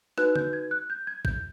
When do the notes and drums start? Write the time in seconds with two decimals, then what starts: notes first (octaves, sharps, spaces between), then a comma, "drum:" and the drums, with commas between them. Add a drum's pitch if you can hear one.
0.18 D#4 F#4 B4 F#6, drum: rim click
0.36 G6, drum: tom
0.53 G#6
0.71 F#6
0.90 G6
1.07 G#6
1.25 G6, drum: kick